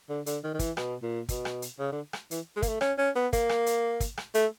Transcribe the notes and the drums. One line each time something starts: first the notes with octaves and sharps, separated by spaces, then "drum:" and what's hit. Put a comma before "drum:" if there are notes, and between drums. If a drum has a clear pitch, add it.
D3
D3, drum: hi-hat
D#3
D#3
E3, drum: kick, hi-hat
B2, drum: rim click
A#2
B2, drum: kick, hi-hat
drum: rim click
drum: hi-hat
C#3
D3
drum: rim click
E3, drum: hi-hat
G#3
A#3, drum: kick, hi-hat
A3
C#4, drum: rim click
C#4
B3
A#3, drum: kick, hi-hat
drum: rim click
drum: hi-hat
drum: kick, hi-hat
drum: rim click
A3, drum: hi-hat